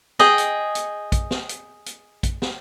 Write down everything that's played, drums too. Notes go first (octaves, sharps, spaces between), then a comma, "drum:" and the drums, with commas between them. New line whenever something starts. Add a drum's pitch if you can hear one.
G#4 D#5 G5, drum: snare
drum: hi-hat
drum: hi-hat
drum: kick A#1, hi-hat
drum: snare
drum: hi-hat
drum: hi-hat
drum: kick A#1, hi-hat
drum: snare